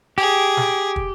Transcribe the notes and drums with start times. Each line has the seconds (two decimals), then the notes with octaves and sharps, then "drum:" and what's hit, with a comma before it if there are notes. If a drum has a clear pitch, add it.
0.18 G4 G#4
0.57 drum: snare
0.96 drum: kick